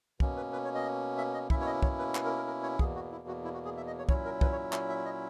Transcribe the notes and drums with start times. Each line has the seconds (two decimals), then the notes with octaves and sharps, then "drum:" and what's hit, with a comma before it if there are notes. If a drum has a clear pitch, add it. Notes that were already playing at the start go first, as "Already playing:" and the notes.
0.20 B2 A#3 C#4, drum: kick
0.37 B4
0.53 B4
0.64 C#5
0.75 D#5
1.18 E5
1.34 D#5
1.50 B2 A#3 C#4 E4 E5, drum: kick
1.61 C#5
1.66 D#5
1.82 C#5, drum: kick
1.99 B4
2.15 B4, drum: clap
2.25 A#4
2.37 A#4
2.47 A#4
2.63 C#5
2.79 E2 B2 A#3 G#4, drum: kick
2.96 F#4
3.12 E4
3.28 F#4
3.44 E4
3.54 F#4
3.65 G#4
3.77 E5
3.87 D#5
3.98 C#5
4.09 A#2 F#3 C#4 E4 C#5, drum: kick
4.25 A#4
4.41 B4, drum: kick
4.52 C#5
4.73 E5, drum: clap
4.89 E5
5.05 D#5